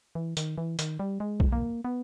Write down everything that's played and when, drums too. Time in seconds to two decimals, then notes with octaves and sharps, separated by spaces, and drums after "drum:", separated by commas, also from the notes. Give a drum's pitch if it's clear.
0.15 E3
0.37 D#3, drum: hi-hat
0.58 E3
0.79 D#3, drum: hi-hat
0.99 G3
1.20 G#3
1.40 drum: kick B1
1.52 A#3
1.85 B3